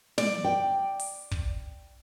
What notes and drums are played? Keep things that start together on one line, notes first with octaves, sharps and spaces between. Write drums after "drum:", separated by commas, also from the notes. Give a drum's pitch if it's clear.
D5, drum: snare
G5
drum: open hi-hat
drum: kick